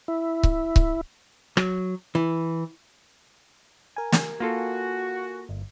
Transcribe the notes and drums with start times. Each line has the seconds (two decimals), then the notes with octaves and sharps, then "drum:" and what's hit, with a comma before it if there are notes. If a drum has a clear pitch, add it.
0.08 E4
0.43 drum: kick C#1
0.76 drum: kick C#1
1.57 F#3, drum: rim click
2.15 E3
3.96 A#4 G#5
4.12 drum: snare
4.40 A#3 F4 F#4 A4
5.49 G1